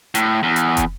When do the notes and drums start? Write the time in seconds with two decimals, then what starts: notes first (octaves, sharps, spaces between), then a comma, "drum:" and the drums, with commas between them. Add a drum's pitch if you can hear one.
0.15 A2, drum: hi-hat
0.43 E2
0.56 drum: hi-hat
0.77 drum: kick, hi-hat